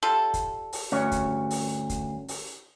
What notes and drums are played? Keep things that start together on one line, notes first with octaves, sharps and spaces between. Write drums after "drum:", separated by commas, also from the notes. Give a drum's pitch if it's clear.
G3 F4 A4
drum: kick, hi-hat
drum: open hi-hat
D2 G2 C#4 C#5
drum: kick, hi-hat
drum: open hi-hat
drum: kick, hi-hat
drum: open hi-hat